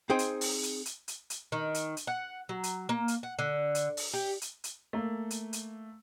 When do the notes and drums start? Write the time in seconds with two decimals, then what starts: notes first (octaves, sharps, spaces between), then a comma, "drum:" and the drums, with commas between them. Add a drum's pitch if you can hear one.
0.10 C4 D#4 G#4 C5 G5
0.19 drum: hi-hat
0.41 drum: open hi-hat
0.63 drum: hi-hat
0.85 drum: hi-hat
1.08 drum: hi-hat
1.30 drum: hi-hat
1.52 D#3
1.74 drum: hi-hat
1.97 drum: hi-hat
2.07 F#5
2.49 F#3
2.63 drum: hi-hat
2.89 A#3
3.08 drum: hi-hat
3.23 F#5
3.39 D3
3.75 drum: hi-hat
3.97 drum: open hi-hat
4.13 G4
4.41 drum: hi-hat
4.64 drum: hi-hat
4.93 A3 A#3
5.30 drum: hi-hat
5.53 drum: hi-hat